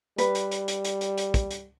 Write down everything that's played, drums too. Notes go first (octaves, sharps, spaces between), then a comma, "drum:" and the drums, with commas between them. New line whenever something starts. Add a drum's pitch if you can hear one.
G3 B4, drum: hi-hat
drum: hi-hat
drum: hi-hat
drum: hi-hat
drum: hi-hat
drum: hi-hat
drum: hi-hat
drum: kick, hi-hat
drum: hi-hat